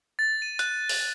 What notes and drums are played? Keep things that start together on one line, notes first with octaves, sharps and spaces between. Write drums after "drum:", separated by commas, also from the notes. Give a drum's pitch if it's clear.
A6
D#7
F#6, drum: hi-hat
drum: open hi-hat